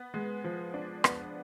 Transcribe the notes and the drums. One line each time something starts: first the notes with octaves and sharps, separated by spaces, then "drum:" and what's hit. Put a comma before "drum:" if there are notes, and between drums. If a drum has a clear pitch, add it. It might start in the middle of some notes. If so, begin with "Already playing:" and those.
Already playing: B3
G#3
F3
D4
B3, drum: rim click